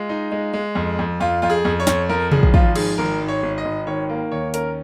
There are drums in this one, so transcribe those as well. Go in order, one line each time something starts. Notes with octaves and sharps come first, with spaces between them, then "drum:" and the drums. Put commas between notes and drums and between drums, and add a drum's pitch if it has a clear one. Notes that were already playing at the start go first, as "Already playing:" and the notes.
Already playing: G#3 F4
D#4
G#3
G#3
F2
F2
F2 F4
F2 F4
G#4
F2
C#5
F2, drum: snare
F3 A#4
G#1 G#4, drum: tom C3
drum: kick
F3 F4, drum: kick
G#2 G#4, drum: cymbal
G#1 A#4
G#2
C#5
G#1
D#5
G#1
D#3 C#5
A#3
D#2 C#5
C#4 A#4, drum: hi-hat